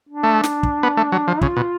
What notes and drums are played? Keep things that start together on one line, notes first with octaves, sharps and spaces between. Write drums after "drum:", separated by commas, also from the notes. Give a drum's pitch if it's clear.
D4
A3
drum: snare
drum: kick
B3
A3
F#3
F3
C#3 F4, drum: kick
B2